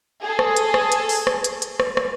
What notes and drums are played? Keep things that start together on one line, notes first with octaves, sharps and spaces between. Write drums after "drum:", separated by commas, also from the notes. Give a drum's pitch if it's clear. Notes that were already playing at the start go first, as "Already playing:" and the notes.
G#4 A4
drum: rim click
drum: hi-hat
drum: rim click
drum: hi-hat
drum: open hi-hat
drum: rim click
drum: hi-hat
drum: hi-hat
drum: rim click
drum: rim click